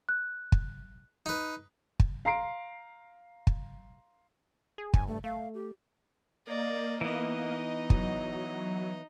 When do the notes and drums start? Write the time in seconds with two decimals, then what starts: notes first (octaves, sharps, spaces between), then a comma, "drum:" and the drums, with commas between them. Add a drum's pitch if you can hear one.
0.09 F#6
0.52 drum: kick
1.26 D#4 B4
2.00 drum: kick
2.25 F5 A#5 C6 C7 D7
3.47 drum: kick
4.78 G#4
4.94 G2 G#5, drum: kick
5.07 A3
5.24 A3 F5
5.54 G4
6.47 A#3 D5 D#5
7.01 E3 B3 D#4 D#5
7.90 F#3, drum: kick